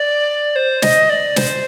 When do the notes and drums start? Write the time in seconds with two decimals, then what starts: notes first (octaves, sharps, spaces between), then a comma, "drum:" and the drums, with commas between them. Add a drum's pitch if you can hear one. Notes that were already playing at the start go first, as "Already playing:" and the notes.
Already playing: D5
0.56 C5
0.82 D#5, drum: snare
1.10 D5
1.36 C5, drum: snare